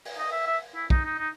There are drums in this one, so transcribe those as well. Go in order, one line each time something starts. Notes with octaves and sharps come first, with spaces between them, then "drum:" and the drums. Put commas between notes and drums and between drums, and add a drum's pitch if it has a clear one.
drum: open hi-hat
D#5
E5
E5
E4
D#4, drum: kick B1
D#4
D#4